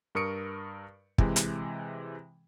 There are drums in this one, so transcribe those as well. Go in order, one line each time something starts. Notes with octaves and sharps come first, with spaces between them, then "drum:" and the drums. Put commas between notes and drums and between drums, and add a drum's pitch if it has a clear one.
G2 A#4 C#6 D#6 C#7 D7
C3 E3 G#3, drum: kick
drum: hi-hat